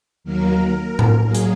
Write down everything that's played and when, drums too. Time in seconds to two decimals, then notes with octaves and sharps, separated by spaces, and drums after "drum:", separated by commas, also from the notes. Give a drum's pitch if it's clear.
0.24 D#2 D#3 F#3 A#3 A#4
0.99 drum: tom A2
1.24 F#3 A#3 G#4
1.35 drum: hi-hat